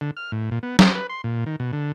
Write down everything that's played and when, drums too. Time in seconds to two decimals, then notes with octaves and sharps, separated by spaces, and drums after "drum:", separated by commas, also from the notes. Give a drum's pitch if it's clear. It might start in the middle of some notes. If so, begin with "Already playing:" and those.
0.01 D3
0.17 F6
0.32 A2
0.51 A#2
0.63 B3
0.79 C5, drum: snare
0.95 B4
1.10 C6
1.24 A#2
1.46 D#3
1.60 B2
1.73 D3